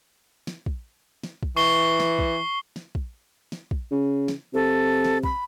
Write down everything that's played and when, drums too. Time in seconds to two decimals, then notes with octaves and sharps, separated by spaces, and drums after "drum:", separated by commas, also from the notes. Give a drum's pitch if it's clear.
0.47 drum: snare
0.66 drum: kick
1.24 drum: snare
1.43 drum: kick
1.56 E3 C#6 C7 G7
2.00 drum: snare
2.19 drum: kick
2.76 drum: snare
2.95 drum: kick
3.52 drum: snare
3.71 drum: kick
3.91 C#3
4.28 drum: snare
4.54 C3 A4
5.05 drum: snare
5.24 B5, drum: kick